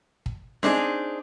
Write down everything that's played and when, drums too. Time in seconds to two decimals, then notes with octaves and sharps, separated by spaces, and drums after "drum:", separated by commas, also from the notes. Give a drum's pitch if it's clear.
0.26 drum: kick
0.63 C4 D4 D#4 G#4, drum: snare C#4